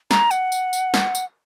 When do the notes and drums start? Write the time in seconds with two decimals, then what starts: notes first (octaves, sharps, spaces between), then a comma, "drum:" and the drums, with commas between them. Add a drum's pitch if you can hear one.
0.11 A#5, drum: snare
0.31 F#5, drum: tambourine
0.52 drum: tambourine
0.73 drum: tambourine
0.94 drum: snare
1.15 drum: tambourine